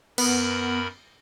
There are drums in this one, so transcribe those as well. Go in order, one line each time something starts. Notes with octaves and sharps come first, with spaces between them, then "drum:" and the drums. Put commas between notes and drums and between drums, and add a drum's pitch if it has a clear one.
F#2 B3 A#4 B5, drum: cymbal